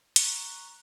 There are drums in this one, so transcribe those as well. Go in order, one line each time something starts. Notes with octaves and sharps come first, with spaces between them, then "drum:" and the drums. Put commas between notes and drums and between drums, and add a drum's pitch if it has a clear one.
A#5 C#6 F#6, drum: hi-hat